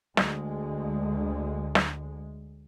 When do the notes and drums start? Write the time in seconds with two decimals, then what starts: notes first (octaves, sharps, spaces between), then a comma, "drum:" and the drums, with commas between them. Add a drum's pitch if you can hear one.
0.17 D2 G#3, drum: snare
1.75 drum: snare